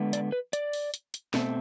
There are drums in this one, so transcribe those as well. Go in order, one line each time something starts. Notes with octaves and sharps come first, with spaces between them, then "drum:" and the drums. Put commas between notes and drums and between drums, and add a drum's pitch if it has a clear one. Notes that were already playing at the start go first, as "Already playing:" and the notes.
Already playing: D3 G#3 B3
D5, drum: hi-hat
B4
D5, drum: hi-hat
drum: open hi-hat
drum: hi-hat
drum: hi-hat
B2 A3 C4, drum: snare